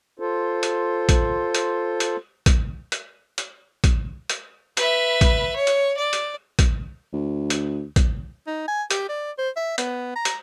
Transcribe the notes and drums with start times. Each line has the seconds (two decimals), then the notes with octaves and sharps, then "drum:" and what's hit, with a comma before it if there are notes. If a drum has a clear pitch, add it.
0.20 F4 A4 C5
0.63 drum: hi-hat
1.09 drum: kick, hi-hat
1.55 drum: hi-hat
2.00 drum: hi-hat
2.46 drum: kick, hi-hat
2.92 drum: hi-hat
3.38 drum: hi-hat
3.84 drum: kick, hi-hat
4.30 drum: hi-hat
4.77 B4 E5, drum: hi-hat
5.21 drum: kick, hi-hat
5.56 C#5
5.67 drum: hi-hat
5.97 D5
6.13 drum: hi-hat
6.59 drum: kick, hi-hat
7.13 D2
7.50 drum: hi-hat
7.96 drum: kick, hi-hat
8.47 D#4
8.68 G#5
8.91 G4, drum: hi-hat
9.09 D5
9.38 C5
9.57 E5
9.78 B3, drum: hi-hat
10.16 A#5
10.25 drum: hi-hat